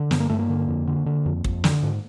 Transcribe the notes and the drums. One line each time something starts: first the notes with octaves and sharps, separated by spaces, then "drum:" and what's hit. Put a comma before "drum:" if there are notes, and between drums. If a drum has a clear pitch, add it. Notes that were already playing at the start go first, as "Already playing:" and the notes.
Already playing: D3
G2 B3, drum: snare
A#3
G2 A3
A#3
D3
F2
D3
D3
F2
F2, drum: kick
D3, drum: snare
G#2